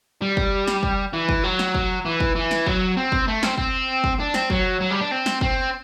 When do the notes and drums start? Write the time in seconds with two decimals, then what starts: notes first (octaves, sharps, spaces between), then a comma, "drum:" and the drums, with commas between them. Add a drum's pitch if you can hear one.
0.22 G3
0.37 drum: kick
0.68 drum: snare
0.83 drum: kick
1.13 E3
1.29 drum: kick
1.44 F#3
1.59 drum: snare
1.75 drum: kick
2.06 E3
2.20 drum: kick
2.36 E3
2.51 drum: snare
2.67 F#3, drum: kick
2.97 C4
3.12 drum: kick
3.28 A3
3.43 C4, drum: snare
3.58 C4, drum: kick
4.04 drum: kick
4.20 D4
4.34 C4, drum: snare
4.50 F#3, drum: kick
4.80 F#3
4.90 G3
5.00 D4
5.11 C4
5.26 drum: snare
5.41 C4, drum: kick